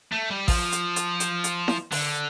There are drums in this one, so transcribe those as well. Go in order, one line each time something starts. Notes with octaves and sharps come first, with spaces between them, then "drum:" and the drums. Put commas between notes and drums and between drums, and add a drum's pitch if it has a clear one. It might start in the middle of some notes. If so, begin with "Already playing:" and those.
A3
G3
F3, drum: kick A1, open hi-hat
drum: hi-hat
drum: hi-hat
drum: hi-hat
drum: hi-hat
drum: snare E4
D3, drum: open hi-hat